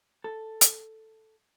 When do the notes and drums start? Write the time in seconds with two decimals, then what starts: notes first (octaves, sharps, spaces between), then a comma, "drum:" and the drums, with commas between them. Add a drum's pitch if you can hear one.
0.24 A4
0.61 drum: hi-hat